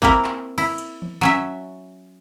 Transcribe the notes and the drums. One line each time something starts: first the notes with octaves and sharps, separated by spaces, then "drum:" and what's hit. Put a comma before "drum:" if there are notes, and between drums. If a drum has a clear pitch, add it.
A#3 C4 E4 A#4, drum: kick
drum: clap
E4, drum: cymbal
drum: hi-hat
drum: tom E3
F#3 C#4 E5